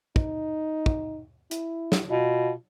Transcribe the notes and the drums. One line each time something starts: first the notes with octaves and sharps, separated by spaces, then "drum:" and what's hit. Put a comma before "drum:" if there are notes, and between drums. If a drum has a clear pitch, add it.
D#4, drum: kick
drum: kick
E4, drum: hi-hat
drum: snare
B2 F4